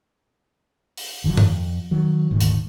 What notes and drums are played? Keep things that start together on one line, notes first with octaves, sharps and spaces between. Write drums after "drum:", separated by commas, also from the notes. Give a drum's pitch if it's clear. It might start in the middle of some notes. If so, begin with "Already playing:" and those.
drum: open hi-hat
F1 D3 E3 F#3
F2, drum: tom G2
D#3 F#3
D#1 D2 G#2 D#3
drum: hi-hat